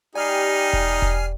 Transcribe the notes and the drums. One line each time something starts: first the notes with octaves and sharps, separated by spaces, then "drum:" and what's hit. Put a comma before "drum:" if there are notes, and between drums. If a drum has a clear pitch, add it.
G3 D#4 G4 G#5 F6 C7
drum: kick E1
drum: kick E1